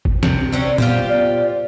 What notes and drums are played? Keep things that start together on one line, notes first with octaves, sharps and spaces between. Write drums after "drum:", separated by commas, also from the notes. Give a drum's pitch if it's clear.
drum: kick A1
C3, drum: snare
D3 C4 C#4
B3 F4 G4 C5, drum: tom
D5